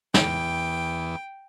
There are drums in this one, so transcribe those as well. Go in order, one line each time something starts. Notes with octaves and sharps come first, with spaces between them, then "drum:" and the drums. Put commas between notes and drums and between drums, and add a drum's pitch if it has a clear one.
E2 B3 G5, drum: snare